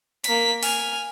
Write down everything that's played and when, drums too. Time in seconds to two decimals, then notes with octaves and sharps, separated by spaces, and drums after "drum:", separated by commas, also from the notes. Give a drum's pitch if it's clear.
0.24 A#3 B6, drum: hi-hat
0.63 G#5 F6, drum: open hi-hat